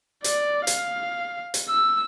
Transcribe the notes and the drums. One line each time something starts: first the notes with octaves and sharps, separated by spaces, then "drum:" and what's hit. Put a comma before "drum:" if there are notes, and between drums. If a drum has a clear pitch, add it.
D5, drum: hi-hat
F5, drum: hi-hat
drum: hi-hat
E6